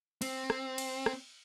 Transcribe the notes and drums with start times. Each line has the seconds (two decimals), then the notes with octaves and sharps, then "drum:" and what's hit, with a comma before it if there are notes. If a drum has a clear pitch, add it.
0.22 C4, drum: cymbal
0.50 drum: rim click
0.78 drum: cymbal
1.06 drum: rim click